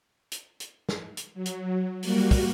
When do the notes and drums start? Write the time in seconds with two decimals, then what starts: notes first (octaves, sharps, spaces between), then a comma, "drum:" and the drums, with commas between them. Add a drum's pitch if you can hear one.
0.32 drum: hi-hat
0.60 drum: hi-hat
0.89 drum: snare
1.17 drum: hi-hat
1.34 F#3
1.46 drum: hi-hat
2.03 G3 A#3 F#4, drum: open hi-hat
2.31 drum: kick, open hi-hat